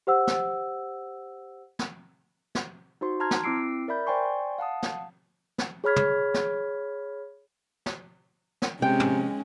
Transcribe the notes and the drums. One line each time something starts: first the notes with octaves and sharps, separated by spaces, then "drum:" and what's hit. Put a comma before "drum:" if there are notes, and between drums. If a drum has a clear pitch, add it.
G4 C5 F#5 E6
drum: snare
drum: snare
drum: snare
D#4 F#4 C5 C6
A5 A#5 C6 F6 G#6
drum: snare
C4 E4 D6 E6 C7 D7
A#4 D5 E5 B5 G6
C5 D5 G5 G#5 C6 C#6
F5 F#5 A5 D#6
drum: snare
drum: snare
G#4 C#5 B5 F6 G#6 B6
drum: tom
drum: snare
drum: snare
drum: snare
C3 G#3 C#4 G5
drum: tom